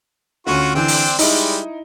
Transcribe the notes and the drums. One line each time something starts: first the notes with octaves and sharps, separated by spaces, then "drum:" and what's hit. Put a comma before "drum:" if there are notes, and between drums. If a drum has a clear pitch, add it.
D2 C#4 F4 F#4 C#6 D#7
D3 E3 C4 D4 G5
drum: open hi-hat
G3 G#3 D#4 E4, drum: open hi-hat